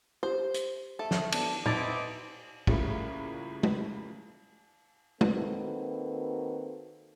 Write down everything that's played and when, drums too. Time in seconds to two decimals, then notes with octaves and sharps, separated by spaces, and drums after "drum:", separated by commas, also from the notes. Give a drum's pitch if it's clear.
0.23 G4 C5
0.54 drum: hi-hat
0.99 A3 A4
1.11 drum: snare
1.32 B3 D4, drum: cymbal
1.66 B2 C4 D#4 E4 D6 A6, drum: tom A#2
2.67 A2 C#3 F3 G3 A3 A#3, drum: kick
3.63 drum: tom
5.21 D#3 A#3 C4 F#4 A4 B4, drum: tom